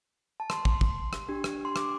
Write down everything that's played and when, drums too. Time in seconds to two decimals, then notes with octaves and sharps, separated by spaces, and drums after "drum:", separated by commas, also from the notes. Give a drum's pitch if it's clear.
0.40 A5
0.50 C6, drum: rim click
0.65 C6, drum: kick
0.81 drum: kick
1.13 drum: rim click
1.29 D4 G4
1.44 drum: rim click
1.65 C6
1.76 D6, drum: rim click